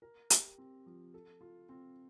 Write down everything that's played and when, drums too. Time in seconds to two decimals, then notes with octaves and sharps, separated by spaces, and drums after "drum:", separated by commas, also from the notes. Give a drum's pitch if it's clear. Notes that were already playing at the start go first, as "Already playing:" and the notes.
0.02 A#4
0.30 G4, drum: hi-hat
0.58 C4
0.86 F3
1.14 A4
1.41 F4
1.69 C4